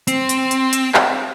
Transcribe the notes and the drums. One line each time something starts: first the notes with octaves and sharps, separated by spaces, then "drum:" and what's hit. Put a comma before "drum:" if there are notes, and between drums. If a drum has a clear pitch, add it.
C4, drum: hi-hat
drum: hi-hat
drum: hi-hat
drum: hi-hat
drum: clap